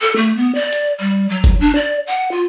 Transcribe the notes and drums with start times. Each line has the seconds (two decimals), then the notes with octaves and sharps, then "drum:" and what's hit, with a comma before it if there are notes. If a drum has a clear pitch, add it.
0.01 A4
0.16 A3
0.37 B3
0.55 D5
0.72 drum: hi-hat
1.00 G3
1.29 F#3
1.44 drum: kick F#1, hi-hat
1.60 D4
1.75 D5
2.07 F#5
2.31 F4